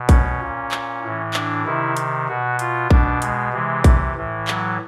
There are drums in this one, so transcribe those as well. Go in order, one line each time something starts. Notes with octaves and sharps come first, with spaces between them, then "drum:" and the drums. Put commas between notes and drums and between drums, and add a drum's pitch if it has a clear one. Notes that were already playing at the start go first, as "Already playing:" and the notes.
Already playing: B2
C#4, drum: kick A#1, hi-hat
A#2
drum: clap
A2
E3
D4, drum: clap
C3 D#3 E4
drum: hi-hat
B2 F#4
F4, drum: hi-hat
B2 D4, drum: kick A#1
G#3, drum: hi-hat
C3 E3 G#3
drum: kick A#1, hi-hat
A2 E3
F#3, drum: clap